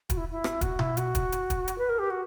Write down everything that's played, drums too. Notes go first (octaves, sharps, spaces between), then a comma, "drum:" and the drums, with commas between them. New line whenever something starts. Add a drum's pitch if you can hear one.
F#4, drum: kick, hi-hat
E4
E4
drum: rim click
F#4, drum: kick, hi-hat
E4, drum: tom B2
F#4, drum: hi-hat
drum: kick, hi-hat
drum: hi-hat
drum: kick, hi-hat
drum: hi-hat
B4
A#4
G4
F#4